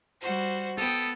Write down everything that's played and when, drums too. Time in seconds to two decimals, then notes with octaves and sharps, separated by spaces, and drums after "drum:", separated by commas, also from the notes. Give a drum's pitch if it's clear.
0.21 G3 F#4 C5 F#5
0.77 B3 A4 G5 D#6, drum: open hi-hat